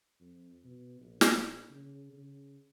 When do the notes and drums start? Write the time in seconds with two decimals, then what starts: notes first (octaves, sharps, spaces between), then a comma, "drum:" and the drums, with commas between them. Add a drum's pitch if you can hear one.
0.20 F2
0.65 B2
1.00 A#1
1.21 drum: snare
1.70 C#3
2.13 C#3